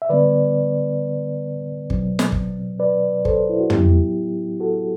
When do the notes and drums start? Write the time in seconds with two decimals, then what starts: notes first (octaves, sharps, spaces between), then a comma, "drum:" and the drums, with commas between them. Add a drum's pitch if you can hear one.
0.02 E5
0.09 D3 G3 B3 B4 D5
1.90 B2 F#3 C4, drum: kick
2.19 drum: snare
2.32 drum: kick
2.80 B4 D5
3.25 A4 C5, drum: kick
3.49 E4
3.60 F#4
3.70 A2 F#3 B3 E4 G4, drum: tom
4.60 F#4 A4